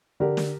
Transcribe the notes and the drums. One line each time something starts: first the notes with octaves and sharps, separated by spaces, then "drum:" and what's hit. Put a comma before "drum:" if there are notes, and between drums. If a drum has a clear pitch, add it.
D3 G4 A#4
drum: snare